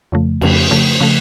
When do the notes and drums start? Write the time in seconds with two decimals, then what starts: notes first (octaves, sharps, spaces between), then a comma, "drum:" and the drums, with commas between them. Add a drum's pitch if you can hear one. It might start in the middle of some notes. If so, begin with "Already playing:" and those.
0.12 F2 C#3 F3 A3
0.41 F2 C#3 F3 A3, drum: cymbal
0.71 C#3 F3 A3
1.00 C#3 F3 A3